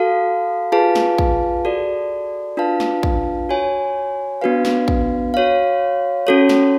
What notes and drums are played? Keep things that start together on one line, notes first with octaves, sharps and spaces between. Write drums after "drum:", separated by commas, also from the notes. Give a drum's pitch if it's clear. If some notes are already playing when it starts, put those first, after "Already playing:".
Already playing: F#4 A4 F5
F4 G#4 B4 F5 A5
drum: snare
drum: kick
F#4 A4 D5
D4 F4 B4 F5 A5
drum: snare
drum: kick
F#4 C#5 G#5
B3 D4 F#4 B4 F5
drum: snare
drum: kick
F#4 C#5 F5
C#4 F#4 A4 C#5
drum: snare